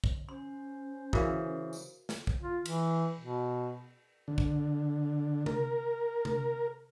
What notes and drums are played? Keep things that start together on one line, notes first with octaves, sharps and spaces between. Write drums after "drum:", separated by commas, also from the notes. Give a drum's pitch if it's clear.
drum: kick
C#4 C5 C6
C#3 E3 F#4 A#4 F5, drum: kick
drum: tambourine
drum: snare
drum: kick
F4
E3, drum: cymbal
B2
D3
drum: kick
A#4, drum: tom C3
drum: tom C3